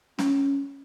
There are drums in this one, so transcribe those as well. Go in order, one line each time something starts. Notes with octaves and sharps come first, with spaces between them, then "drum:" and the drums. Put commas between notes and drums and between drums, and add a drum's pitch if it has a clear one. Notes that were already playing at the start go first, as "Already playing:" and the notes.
C#4, drum: snare